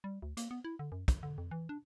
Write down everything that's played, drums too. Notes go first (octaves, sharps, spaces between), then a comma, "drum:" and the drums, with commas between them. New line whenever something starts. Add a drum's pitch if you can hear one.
G3
D2
A#3, drum: hi-hat
B3
E4
D3
F#2
A#1, drum: kick, hi-hat
D3
F2
E3
D4